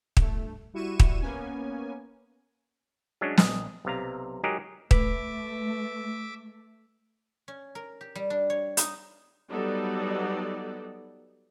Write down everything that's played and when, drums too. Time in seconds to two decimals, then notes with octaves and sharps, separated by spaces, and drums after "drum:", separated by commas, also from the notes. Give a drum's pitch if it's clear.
0.17 G1 A3, drum: kick
0.74 G3 E4 F#4 C#6 D#7 E7
1.00 drum: kick
1.21 A#3 B3 C#4 G#5
3.21 F#3 G#3 C#4 D4
3.38 A#1 D#5, drum: snare
3.85 B1 C3 F5 A#5
4.43 F#3 G#3 D#4 G4 G#4 A#4
4.91 A3 B4 E5 D6, drum: kick
7.48 C#4
7.75 A#4
8.01 G4
8.15 G3
8.30 D4
8.50 C#5
8.77 D#4, drum: hi-hat
9.50 F#3 G3 B3 D#4 A4 D5